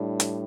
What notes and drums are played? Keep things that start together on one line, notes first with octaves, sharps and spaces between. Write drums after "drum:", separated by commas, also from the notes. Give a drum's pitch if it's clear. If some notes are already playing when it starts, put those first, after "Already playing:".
Already playing: A2 G3 D4
drum: hi-hat